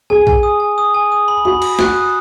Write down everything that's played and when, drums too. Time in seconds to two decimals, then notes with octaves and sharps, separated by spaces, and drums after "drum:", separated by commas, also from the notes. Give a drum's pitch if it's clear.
0.10 G#4 G#5
0.27 G#5, drum: kick A#1
0.43 D#6
0.60 G#5
0.78 D#6
0.94 G#5
1.12 D#6
1.28 B5
1.45 F#4 B5
1.62 B5, drum: cymbal
1.79 F#4 F#6, drum: snare
1.96 D#6